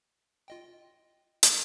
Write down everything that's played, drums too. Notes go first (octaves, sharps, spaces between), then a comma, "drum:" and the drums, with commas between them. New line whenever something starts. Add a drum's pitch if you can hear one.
F4 D#5 G5
drum: hi-hat